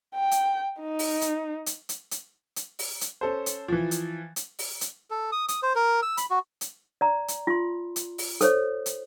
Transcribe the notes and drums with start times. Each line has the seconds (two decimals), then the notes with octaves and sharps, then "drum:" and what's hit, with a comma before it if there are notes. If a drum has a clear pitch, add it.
0.15 G5
0.31 drum: hi-hat
0.80 D#4
0.99 drum: open hi-hat
1.21 drum: hi-hat
1.66 drum: hi-hat
1.89 drum: hi-hat
2.11 drum: hi-hat
2.56 drum: hi-hat
2.79 drum: open hi-hat
3.01 drum: hi-hat
3.21 C#4 A4 C5
3.46 drum: hi-hat
3.68 E3 F3
3.91 drum: hi-hat
4.36 drum: hi-hat
4.59 drum: open hi-hat
4.81 drum: hi-hat
5.11 A4
5.32 D#6
5.48 D#6, drum: hi-hat
5.63 C5
5.75 A#4
6.02 E6
6.17 B5, drum: hi-hat
6.30 F#4
6.61 drum: hi-hat
7.01 D5 A#5
7.28 drum: hi-hat
7.47 F4 C6
7.96 drum: hi-hat
8.18 drum: open hi-hat
8.41 A4 C5 C#5, drum: hi-hat
8.86 drum: hi-hat